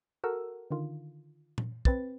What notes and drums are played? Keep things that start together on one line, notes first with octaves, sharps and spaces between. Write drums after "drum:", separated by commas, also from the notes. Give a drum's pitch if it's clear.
F#4 A4 A#4 F#5 E6
D3 D#3 F4
drum: tom A#2
C4 B4 A6, drum: kick